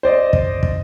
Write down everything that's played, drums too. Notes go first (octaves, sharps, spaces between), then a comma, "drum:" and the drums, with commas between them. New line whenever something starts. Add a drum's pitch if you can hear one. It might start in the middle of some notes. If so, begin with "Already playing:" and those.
C5 D5 D#5
drum: kick
drum: kick